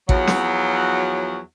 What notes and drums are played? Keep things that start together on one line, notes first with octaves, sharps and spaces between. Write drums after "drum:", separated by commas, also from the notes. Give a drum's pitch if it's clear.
E2 F3 F#3, drum: kick A1
drum: snare